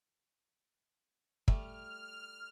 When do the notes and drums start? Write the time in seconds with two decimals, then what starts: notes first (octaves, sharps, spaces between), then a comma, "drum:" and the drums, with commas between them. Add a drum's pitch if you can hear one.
1.48 G3 A3 F6, drum: kick